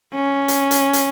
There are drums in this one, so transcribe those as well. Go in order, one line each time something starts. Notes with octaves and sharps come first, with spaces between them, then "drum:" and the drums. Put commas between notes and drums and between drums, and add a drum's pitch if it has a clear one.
C#4
drum: hi-hat
drum: hi-hat
drum: hi-hat